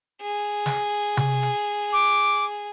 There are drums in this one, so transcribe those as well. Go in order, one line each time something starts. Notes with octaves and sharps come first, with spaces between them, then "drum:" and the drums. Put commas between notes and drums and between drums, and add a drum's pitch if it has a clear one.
G#4
drum: snare
drum: tom C3
drum: hi-hat
D6